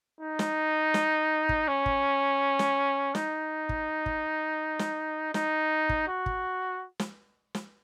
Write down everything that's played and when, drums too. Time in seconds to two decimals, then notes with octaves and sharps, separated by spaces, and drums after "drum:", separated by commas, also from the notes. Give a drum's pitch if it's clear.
0.21 D#4
0.39 drum: snare
0.94 drum: snare
1.49 drum: kick
1.68 C#4
1.86 drum: kick
2.59 drum: snare
3.15 D#4, drum: snare
3.69 drum: kick
4.06 drum: kick
4.79 drum: snare
5.34 D#4, drum: snare
5.89 drum: kick
6.08 F#4
6.26 drum: kick
6.99 drum: snare
7.55 drum: snare